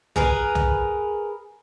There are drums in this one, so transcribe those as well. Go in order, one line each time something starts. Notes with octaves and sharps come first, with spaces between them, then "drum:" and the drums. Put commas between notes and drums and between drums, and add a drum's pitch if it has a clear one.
G#4 A#4 B4, drum: tom
drum: tom